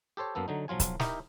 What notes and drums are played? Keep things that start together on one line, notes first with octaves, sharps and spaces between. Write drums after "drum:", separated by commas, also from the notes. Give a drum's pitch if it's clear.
G4 A4 C5 C#5
F#2 A#3 B3 A4
D3 F#3 D#4
B1 F3 F#3 F4 G#5
drum: kick C#1, hi-hat
D#4 E4 G4 A#4 D#5 E5, drum: snare